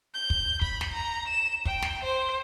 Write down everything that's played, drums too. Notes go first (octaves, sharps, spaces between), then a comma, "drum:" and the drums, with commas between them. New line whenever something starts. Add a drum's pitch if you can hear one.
G6
drum: kick
B5, drum: kick
drum: snare
A#5
E7
G5, drum: kick
drum: snare
C5